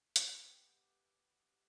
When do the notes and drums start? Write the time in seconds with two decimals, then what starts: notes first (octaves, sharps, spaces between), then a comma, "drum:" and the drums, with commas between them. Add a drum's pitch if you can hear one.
0.16 B3 G4 E5 F#5, drum: hi-hat